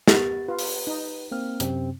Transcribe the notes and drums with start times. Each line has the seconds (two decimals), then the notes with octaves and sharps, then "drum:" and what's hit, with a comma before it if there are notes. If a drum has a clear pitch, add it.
0.08 B3 G4 A#4 A6, drum: snare
0.48 F4 B4
0.59 drum: open hi-hat
0.87 D#4
1.32 A#3 C4 F6
1.60 F#2 C3 C4, drum: hi-hat